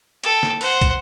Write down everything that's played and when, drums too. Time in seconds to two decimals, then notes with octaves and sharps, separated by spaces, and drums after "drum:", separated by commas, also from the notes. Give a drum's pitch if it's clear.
0.24 A4 G5, drum: hi-hat
0.43 drum: snare
0.61 C5 F#5, drum: open hi-hat
0.81 drum: kick, hi-hat